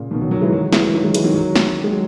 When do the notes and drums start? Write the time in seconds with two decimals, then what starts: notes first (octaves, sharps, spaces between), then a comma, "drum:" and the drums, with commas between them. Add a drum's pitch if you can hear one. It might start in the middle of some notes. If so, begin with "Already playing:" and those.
Already playing: A#2 C#3
0.11 B2 D#3
0.21 D#3 F#3
0.31 D#3 F#3
0.41 E3 G#3
0.52 D#3 F#3
0.73 E3 G#3, drum: snare
0.87 E3
0.93 D#3 F#3
1.04 E3 G#3
1.14 E3 G#3, drum: hi-hat
1.24 D#3 F#3
1.34 D#3 F#3
1.55 drum: snare
1.84 G#3
1.92 F#3